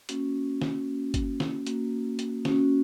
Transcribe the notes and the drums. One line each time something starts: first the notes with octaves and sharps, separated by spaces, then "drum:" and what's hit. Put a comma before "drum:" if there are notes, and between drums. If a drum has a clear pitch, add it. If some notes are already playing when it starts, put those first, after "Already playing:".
A#3 C#4 F#4, drum: hi-hat
drum: snare
A#3 C#4 F#4
drum: kick G1, hi-hat
drum: snare
A#3 C#4 F#4, drum: hi-hat
drum: hi-hat
A#3 C#4 F#4, drum: snare